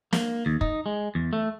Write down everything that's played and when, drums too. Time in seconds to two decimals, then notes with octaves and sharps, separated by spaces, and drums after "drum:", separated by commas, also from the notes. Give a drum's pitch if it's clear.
0.13 A#3, drum: snare
0.46 D#2
0.61 D#4, drum: kick
0.86 G#3
1.15 E2
1.33 A3